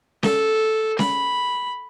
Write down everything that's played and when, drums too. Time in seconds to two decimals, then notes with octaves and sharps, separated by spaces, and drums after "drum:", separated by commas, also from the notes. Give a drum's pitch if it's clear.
0.23 A4, drum: snare C#4
0.99 B5, drum: snare C#4